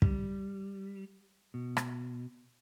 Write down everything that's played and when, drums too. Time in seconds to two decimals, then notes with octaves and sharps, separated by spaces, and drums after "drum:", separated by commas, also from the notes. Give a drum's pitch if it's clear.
0.02 G3, drum: kick
1.54 B2
1.77 drum: rim click